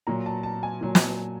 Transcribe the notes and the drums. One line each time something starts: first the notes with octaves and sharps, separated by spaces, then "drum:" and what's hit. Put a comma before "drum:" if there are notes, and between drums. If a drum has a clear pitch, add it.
A#2 F#3 A#5
A5
A5
G#5
A#2 F#3
drum: snare